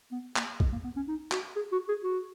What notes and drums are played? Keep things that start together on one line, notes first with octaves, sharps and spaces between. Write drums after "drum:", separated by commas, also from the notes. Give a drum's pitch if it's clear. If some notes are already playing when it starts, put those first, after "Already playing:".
B3
A#3, drum: clap
G#3, drum: kick
A#3
B3
C#4
D#4
F#4, drum: clap
G#4
F#4
G#4
F#4